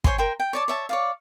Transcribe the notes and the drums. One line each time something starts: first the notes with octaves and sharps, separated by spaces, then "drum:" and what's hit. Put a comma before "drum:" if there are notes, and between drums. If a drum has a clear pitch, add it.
C5 C#5 G#5 C6, drum: kick
A#4 C5 G5
G5
C#5 D5 A5
C#5 E5 A5
C#5 D5 F5